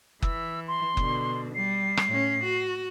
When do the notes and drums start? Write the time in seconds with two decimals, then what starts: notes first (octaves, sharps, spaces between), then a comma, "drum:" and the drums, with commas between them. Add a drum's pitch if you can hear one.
0.22 E3 E6, drum: kick F#1
0.68 C6
0.97 B2 D3, drum: kick F#1
1.55 G3 C7
1.97 drum: rim click
2.08 A2 C#4
2.43 F#4